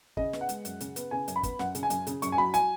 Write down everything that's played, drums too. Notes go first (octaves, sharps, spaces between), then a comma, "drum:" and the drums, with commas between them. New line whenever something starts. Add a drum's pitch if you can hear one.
C#3 D#5, drum: kick
B3, drum: snare
F#5
G#3, drum: hi-hat
F#2, drum: hi-hat
C#3, drum: hi-hat
B3, drum: hi-hat
C#3 G#5
F#2, drum: hi-hat
B5
B3, drum: kick, hi-hat
F#2 F#5, drum: snare
C#3, drum: hi-hat
G#5
F#2, drum: hi-hat
C#3, drum: hi-hat
F#2 C#6, drum: hi-hat
G#5
F#3 B5
G#5, drum: hi-hat